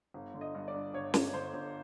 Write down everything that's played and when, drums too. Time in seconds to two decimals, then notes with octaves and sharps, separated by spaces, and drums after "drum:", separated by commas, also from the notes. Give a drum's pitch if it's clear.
0.14 G1
0.34 D3
0.41 D#5
0.55 G2
0.68 D5
0.74 G2
0.94 G1 C#5
1.14 G1, drum: snare
1.34 D3 C5
1.54 G1